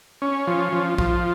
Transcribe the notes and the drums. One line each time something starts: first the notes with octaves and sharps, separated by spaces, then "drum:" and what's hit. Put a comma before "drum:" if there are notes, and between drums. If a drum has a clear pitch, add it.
C#4
F3
F3
F3, drum: kick